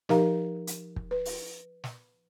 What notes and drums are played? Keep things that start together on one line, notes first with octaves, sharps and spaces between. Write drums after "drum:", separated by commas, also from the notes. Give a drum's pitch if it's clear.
F3 D#4 G4 A#4 F5 A#5, drum: snare
drum: hi-hat
drum: kick
B4
drum: open hi-hat
drum: snare